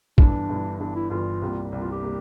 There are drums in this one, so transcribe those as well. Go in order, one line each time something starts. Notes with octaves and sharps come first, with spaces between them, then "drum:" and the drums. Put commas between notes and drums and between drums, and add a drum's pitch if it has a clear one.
G1 G2 E3 D4, drum: kick A#1
G1 G2 E3
G1 G2 E3 D4
E4
G1 G2 E3 F4
C2 C3 G3 A#3
C2 C3 G3 A#3
F4
G4
C3 G3 A#3